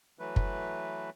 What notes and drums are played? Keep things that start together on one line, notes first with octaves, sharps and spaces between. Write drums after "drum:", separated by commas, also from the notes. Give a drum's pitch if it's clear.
E3 F#3 A3 B4
drum: kick